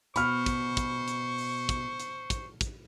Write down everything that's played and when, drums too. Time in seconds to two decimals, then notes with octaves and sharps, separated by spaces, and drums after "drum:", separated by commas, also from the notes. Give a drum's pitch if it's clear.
0.16 B2 C5 B5 C#6 F6, drum: hi-hat
0.46 drum: kick, hi-hat
0.77 drum: kick, hi-hat
1.08 drum: hi-hat
1.38 drum: open hi-hat
1.69 drum: kick, hi-hat
2.00 drum: hi-hat
2.30 drum: kick, hi-hat
2.61 drum: kick, hi-hat